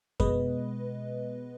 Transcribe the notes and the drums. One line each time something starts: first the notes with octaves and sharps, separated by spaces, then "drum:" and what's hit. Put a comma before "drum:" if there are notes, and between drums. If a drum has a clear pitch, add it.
B2 G#3 B3 B4 D#5, drum: kick F2